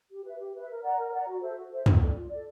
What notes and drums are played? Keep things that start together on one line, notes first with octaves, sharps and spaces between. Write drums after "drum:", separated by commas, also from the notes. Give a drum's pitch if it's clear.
G4
B4 E5
G4
B4 E5
A#4
D5 F#5 A#5
A#4
D5 F#5 A#5
F#4
A4 C5 E5
F#4
A4 C5 E5
F4, drum: tom
A4 D5
F4
D5
A4